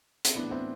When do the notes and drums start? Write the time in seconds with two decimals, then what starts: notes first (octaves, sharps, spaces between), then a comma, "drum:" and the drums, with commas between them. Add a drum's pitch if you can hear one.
0.25 C4, drum: hi-hat
0.35 A2 E3 B3 D4
0.51 C4 E4